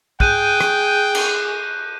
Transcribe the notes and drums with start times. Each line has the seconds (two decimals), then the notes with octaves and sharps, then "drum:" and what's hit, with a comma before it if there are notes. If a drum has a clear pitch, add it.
0.20 G#4 G5 F#6 G6 D#7, drum: kick
0.60 drum: rim click
1.15 drum: cymbal